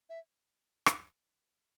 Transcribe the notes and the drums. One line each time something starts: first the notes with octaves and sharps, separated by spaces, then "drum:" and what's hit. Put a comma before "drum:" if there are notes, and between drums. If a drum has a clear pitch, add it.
E5
drum: rim click